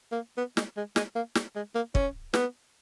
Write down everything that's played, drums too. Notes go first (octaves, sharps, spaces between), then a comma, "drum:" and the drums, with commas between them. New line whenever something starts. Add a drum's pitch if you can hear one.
A#3
B3
G#3, drum: snare
G#3
G#3, drum: snare
A#3
drum: snare
G#3
A#3
C#4, drum: kick
B3, drum: snare